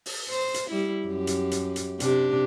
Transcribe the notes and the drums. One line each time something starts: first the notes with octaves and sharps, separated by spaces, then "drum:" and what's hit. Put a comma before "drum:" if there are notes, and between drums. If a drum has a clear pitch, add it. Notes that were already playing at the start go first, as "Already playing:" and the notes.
drum: open hi-hat
C5
drum: hi-hat
G3 E4
F#2 G4
drum: hi-hat
drum: hi-hat
drum: hi-hat
C3 D4 G4, drum: hi-hat